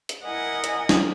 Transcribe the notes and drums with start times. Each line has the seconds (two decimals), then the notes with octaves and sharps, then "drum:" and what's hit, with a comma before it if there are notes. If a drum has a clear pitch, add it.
0.09 drum: hi-hat
0.24 E4 A#4 D#5 F#5 G#5
0.64 drum: hi-hat
0.89 drum: snare